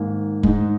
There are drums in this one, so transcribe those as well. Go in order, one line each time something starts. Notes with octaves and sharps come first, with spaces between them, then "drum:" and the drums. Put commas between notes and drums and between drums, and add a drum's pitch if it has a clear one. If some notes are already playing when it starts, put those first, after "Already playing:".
Already playing: G#2 D#3 A#3
G#2 G#3 D#4, drum: kick